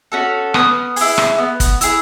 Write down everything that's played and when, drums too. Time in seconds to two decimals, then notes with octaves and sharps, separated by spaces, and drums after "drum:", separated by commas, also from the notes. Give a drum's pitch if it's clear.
0.12 C#4 F#4 A4
0.54 B3 D#6 F6, drum: rim click
0.96 E4 G#4, drum: open hi-hat
1.18 drum: rim click
1.38 B3
1.60 drum: kick, hi-hat
1.81 E4 G#4, drum: hi-hat